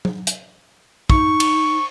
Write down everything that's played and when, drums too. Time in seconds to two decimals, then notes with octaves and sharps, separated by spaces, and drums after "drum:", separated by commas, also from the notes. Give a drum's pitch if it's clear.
0.05 drum: tom F#3
0.27 drum: hi-hat
1.10 D#4 C#6, drum: kick
1.40 drum: cymbal